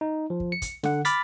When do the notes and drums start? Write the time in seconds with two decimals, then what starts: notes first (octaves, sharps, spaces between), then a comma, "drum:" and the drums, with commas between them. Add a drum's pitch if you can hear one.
0.01 D#4
0.30 F3
0.40 drum: kick
0.52 C#7
0.62 drum: kick, hi-hat
0.83 D3 F#5, drum: snare
1.05 B5 D6 F6 A6 B6, drum: hi-hat